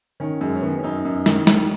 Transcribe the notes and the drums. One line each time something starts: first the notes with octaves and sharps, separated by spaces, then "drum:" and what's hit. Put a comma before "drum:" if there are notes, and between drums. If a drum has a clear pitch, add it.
D#3 C#4
F#2 G#3
C#4
D#3 B3
C#4
F#2 D#4
F#2
D#3, drum: snare
D#3, drum: snare